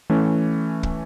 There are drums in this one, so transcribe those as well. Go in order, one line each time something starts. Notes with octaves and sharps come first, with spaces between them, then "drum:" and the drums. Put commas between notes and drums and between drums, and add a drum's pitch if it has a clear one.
E3 A3 C#4
drum: kick